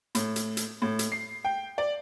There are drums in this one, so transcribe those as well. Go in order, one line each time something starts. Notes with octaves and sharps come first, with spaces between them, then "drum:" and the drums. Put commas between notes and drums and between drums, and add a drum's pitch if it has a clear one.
A2, drum: hi-hat
drum: hi-hat
drum: hi-hat
A2
drum: hi-hat
C7
G5
D5